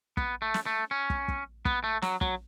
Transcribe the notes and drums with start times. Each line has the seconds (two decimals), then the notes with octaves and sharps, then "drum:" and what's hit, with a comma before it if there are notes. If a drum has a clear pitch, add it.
0.17 B3, drum: kick
0.42 A3
0.54 drum: snare
0.66 A3
0.91 C#4
1.10 drum: kick
1.28 drum: kick
1.65 B3, drum: kick
1.84 A3
2.02 F#3, drum: snare
2.21 F#3, drum: kick